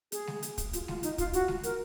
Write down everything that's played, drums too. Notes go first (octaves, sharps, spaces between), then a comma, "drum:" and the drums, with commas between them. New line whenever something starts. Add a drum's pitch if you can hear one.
G#4, drum: hi-hat
drum: snare G#3
drum: hi-hat
drum: kick, hi-hat
F4, drum: hi-hat
F4, drum: snare G#3
D#4, drum: hi-hat
F4, drum: kick, hi-hat
F#4, drum: hi-hat
drum: snare G#3
A#4, drum: hi-hat